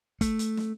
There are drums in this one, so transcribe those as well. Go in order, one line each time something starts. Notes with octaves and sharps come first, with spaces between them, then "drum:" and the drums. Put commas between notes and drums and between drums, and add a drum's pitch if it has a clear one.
A3, drum: kick G1, hi-hat
drum: hi-hat
drum: snare